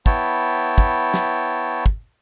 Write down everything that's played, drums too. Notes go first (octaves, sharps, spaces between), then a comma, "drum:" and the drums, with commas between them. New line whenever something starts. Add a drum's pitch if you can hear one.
B3 E4 C#5 G5 A5, drum: kick
drum: kick
drum: snare
drum: kick